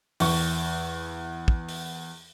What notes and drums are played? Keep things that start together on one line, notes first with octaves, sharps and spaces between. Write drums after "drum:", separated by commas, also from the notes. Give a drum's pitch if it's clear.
E2 C#6, drum: open hi-hat
drum: kick
drum: open hi-hat